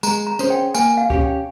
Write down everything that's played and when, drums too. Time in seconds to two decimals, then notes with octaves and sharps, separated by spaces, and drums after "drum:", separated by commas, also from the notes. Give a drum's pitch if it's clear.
0.03 G#3 A#5, drum: tambourine
0.27 A#5
0.39 C#4 G#4 C5, drum: tambourine
0.50 G5
0.74 A#3 G#5, drum: tambourine
0.97 F5
1.10 C#4 G4, drum: kick
1.21 G5